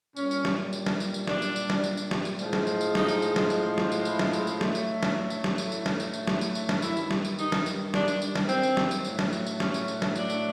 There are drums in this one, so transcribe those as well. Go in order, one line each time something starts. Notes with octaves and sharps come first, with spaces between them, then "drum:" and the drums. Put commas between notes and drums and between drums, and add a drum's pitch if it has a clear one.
A#2 G3 C#4, drum: tambourine
drum: tambourine
drum: snare
drum: tambourine
drum: snare
drum: tambourine
drum: tambourine
D4, drum: snare
drum: tambourine
drum: tambourine
drum: snare
drum: tambourine
drum: tambourine
drum: snare
drum: tambourine
A2 F3 G#3, drum: tambourine
drum: snare
drum: tambourine
drum: tambourine
D#4, drum: snare
drum: tambourine
drum: tambourine
drum: snare
drum: tambourine
drum: snare
drum: tambourine
E4, drum: tambourine
drum: snare
drum: tambourine
drum: tambourine
A2 F#3 A3, drum: snare
drum: tambourine
drum: snare
drum: tambourine
drum: snare
drum: tambourine
E4, drum: tambourine
drum: snare
drum: tambourine
drum: tambourine
E4, drum: snare
drum: tambourine
drum: tambourine
drum: snare
G2 D#3 G3 E4, drum: tambourine
drum: tambourine
drum: snare
drum: tambourine
D#4, drum: tambourine
drum: snare
drum: tambourine
D4, drum: snare
drum: tambourine
drum: tambourine
drum: snare
C4, drum: tambourine
drum: tambourine
drum: snare
drum: tambourine
A2 F#3 A3, drum: tambourine
drum: snare
drum: tambourine
drum: tambourine
C#4, drum: snare
drum: tambourine
drum: tambourine
drum: snare
D4, drum: tambourine
drum: tambourine